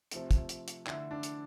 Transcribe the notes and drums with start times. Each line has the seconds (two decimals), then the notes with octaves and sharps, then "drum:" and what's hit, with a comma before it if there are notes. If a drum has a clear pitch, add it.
0.12 C3 F3 A3, drum: hi-hat
0.31 drum: kick, hi-hat
0.49 drum: hi-hat
0.68 drum: hi-hat
0.87 D3 A3 E4, drum: clap
1.11 D4
1.23 drum: hi-hat